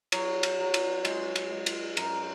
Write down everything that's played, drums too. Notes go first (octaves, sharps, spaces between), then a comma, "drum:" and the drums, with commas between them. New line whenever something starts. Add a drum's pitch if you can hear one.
F#3 C#5, drum: cymbal
drum: cymbal
F#3
drum: cymbal
G#3, drum: cymbal
drum: cymbal
G#3
drum: cymbal
F#2 A#4, drum: cymbal